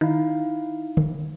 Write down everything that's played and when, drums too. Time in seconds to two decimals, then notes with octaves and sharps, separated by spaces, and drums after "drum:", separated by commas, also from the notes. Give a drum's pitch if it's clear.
0.01 D#3 D#4 E4 F5
0.97 drum: tom D3